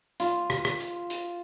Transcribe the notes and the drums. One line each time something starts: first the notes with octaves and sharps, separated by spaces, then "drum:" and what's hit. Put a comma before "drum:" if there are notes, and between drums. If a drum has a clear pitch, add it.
F4, drum: hi-hat
drum: rim click
drum: rim click
drum: hi-hat
drum: hi-hat